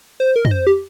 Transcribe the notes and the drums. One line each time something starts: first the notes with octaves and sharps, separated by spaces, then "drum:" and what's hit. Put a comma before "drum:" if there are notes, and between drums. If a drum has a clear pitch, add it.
C5
A#4
D#5, drum: tom
C5
G4